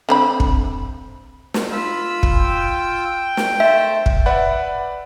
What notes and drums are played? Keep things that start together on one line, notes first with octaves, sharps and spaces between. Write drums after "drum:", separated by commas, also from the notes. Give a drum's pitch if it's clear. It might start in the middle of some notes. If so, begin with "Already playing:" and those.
D3 C4 B5
drum: kick
drum: snare
F4 B5 E6
drum: kick
G5
drum: snare
A3 C5 E5 A5
drum: kick
B4 D5 E5 F#5 B5